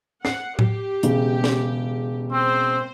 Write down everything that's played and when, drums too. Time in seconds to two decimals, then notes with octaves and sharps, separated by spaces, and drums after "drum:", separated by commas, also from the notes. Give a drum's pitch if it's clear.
0.25 F#5 C7, drum: snare
0.59 G4, drum: tom A2
1.03 E1 C#3, drum: hi-hat
1.44 drum: snare
2.32 C4 C5